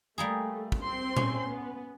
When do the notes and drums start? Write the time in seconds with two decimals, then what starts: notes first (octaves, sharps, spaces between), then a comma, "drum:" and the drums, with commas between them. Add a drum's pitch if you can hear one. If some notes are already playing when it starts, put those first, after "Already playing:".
0.18 G3 A3 A#3 G#4
0.72 drum: kick
0.83 C4 C6
1.17 C#4, drum: tom A#2
1.50 B3